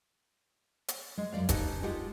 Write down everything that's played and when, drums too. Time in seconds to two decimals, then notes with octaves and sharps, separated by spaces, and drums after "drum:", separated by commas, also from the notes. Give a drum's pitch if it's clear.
0.88 drum: hi-hat
1.17 G#3
1.32 F#2 E3 D5 F5
1.49 C#4 D#4 G4 A4 B4 D#5, drum: kick E1, hi-hat
1.83 G#3 F4 G4 A4 F#5